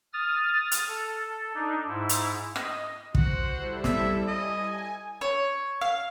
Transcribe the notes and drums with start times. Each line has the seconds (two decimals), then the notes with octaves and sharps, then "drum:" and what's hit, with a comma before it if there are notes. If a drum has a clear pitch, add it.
0.13 D#6 F6 A6
0.71 drum: hi-hat
0.88 A4
1.54 D4 D#4
1.87 G#2 E4
2.09 drum: hi-hat
2.56 D#5, drum: rim click
3.15 F#4 C5, drum: kick
3.54 G3 E4 A4
3.84 E5, drum: snare
4.27 D#5 G#5
5.21 C#5
5.81 F5